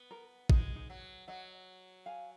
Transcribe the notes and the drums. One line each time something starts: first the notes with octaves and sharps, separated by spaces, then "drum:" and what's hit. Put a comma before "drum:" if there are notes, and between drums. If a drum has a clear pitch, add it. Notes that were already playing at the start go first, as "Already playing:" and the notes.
Already playing: B3
A#4
G#3 D#4, drum: kick A1
D#4
F#3
F#3 D#5 F#5
F5 G#5